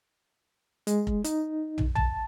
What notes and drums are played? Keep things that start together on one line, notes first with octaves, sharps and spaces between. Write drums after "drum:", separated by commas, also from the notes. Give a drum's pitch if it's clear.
G#3, drum: hi-hat
drum: kick F1
D#4, drum: hi-hat
drum: tom
A5, drum: tom